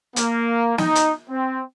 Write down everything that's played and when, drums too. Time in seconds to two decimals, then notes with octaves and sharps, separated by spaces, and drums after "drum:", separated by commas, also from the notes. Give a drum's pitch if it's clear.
0.16 A#3, drum: hi-hat
0.78 D#4, drum: snare
0.95 drum: hi-hat
1.30 C4